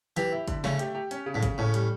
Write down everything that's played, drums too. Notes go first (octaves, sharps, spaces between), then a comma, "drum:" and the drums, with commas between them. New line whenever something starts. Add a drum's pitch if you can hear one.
E3 G4, drum: hi-hat
E4
D3, drum: kick, hi-hat
C#3 A3, drum: snare
G4, drum: hi-hat
G4
C#4, drum: hi-hat
C#3
A2
C#3, drum: kick, hi-hat
A2 C#4
G3, drum: hi-hat